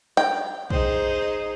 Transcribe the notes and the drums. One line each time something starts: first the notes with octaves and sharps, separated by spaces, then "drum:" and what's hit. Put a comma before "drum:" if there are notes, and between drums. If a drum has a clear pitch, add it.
G5
D#4 G#4 C5, drum: kick